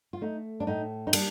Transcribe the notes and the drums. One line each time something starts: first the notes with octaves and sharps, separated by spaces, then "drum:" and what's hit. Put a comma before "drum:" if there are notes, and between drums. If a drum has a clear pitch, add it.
F4
A3 D#4
D4
A2 D#4
D#4
G3 A#3 D4, drum: cymbal